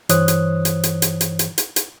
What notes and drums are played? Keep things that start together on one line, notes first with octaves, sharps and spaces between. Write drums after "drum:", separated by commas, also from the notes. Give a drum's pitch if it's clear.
G2 E3 C5 C#5 D#6 F#6, drum: hi-hat
drum: hi-hat
drum: hi-hat
drum: hi-hat
drum: hi-hat
drum: hi-hat
drum: hi-hat
drum: hi-hat
drum: hi-hat